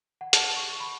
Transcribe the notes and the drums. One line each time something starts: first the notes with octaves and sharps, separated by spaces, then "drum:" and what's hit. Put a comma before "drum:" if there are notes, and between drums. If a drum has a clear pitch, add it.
F#5
A5, drum: hi-hat
C#6
C#6
B5